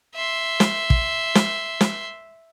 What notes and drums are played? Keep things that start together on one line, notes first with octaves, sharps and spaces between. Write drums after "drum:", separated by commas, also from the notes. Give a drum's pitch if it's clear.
E5 C6
drum: snare
drum: kick
drum: snare
drum: snare